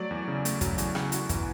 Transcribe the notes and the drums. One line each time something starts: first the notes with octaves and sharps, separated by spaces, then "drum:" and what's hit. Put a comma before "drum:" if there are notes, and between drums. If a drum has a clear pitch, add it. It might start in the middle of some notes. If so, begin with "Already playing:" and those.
Already playing: F#3 A3 D5
E2
C#3
A3, drum: hi-hat
F#3, drum: kick, hi-hat
E2, drum: hi-hat
C#3, drum: rim click
E2 F#4, drum: hi-hat
E3, drum: kick, hi-hat